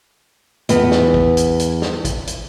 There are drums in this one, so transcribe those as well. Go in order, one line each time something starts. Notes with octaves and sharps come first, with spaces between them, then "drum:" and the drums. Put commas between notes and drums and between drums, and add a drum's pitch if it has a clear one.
E2 B3, drum: hi-hat
drum: snare
drum: kick
drum: hi-hat
drum: hi-hat
drum: snare
drum: kick, hi-hat
drum: hi-hat